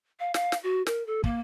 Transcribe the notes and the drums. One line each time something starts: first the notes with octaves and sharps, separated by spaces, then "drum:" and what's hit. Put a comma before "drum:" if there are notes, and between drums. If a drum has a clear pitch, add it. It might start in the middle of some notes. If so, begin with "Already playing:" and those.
F5
F5, drum: snare
drum: snare
F#4
A#4, drum: snare
A4
A#3, drum: kick